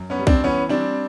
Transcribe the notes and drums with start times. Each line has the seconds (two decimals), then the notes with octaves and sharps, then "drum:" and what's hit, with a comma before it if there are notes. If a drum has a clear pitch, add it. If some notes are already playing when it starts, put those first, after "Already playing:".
Already playing: F#2
0.10 B3 C#4
0.19 G3
0.27 C4 D4, drum: kick B1
0.44 E3 B3 C#4
0.69 G3 C4 D4